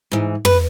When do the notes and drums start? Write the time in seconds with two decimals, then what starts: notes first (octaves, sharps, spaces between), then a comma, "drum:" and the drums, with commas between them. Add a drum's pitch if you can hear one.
0.12 G#2 E3
0.45 B4, drum: tom